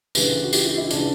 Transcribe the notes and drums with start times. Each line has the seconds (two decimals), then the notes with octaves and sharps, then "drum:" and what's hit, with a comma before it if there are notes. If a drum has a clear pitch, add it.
0.15 D2 C#3 E3 G4 B4, drum: tambourine
0.43 F#4
0.53 E4 G4, drum: tambourine
0.65 E4 G4
0.78 E4
0.91 C#3 E3 D4, drum: tambourine